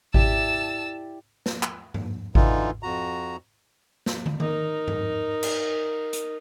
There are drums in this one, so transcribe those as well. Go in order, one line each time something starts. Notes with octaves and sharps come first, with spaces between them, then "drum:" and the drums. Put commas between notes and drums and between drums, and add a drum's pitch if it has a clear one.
E4 G4 D5 A5 E6, drum: kick G#1
drum: snare
drum: clap
drum: tom G2
D3 E3 D#4 F4, drum: kick G#1
F2 F#4 A#5
drum: snare
drum: tom
D#4 A#4, drum: tom D#3
drum: tom G2
drum: cymbal
drum: hi-hat